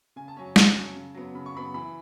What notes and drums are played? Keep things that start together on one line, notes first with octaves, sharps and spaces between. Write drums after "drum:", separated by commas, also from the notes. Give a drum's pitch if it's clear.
C#3 G#5
A5
F#3 C#4 G#5
C#3 A5, drum: snare
F#3 C#4
C#3
F#3 B3
C#3 B5
C#6
F#3 B3 B5
E3 B5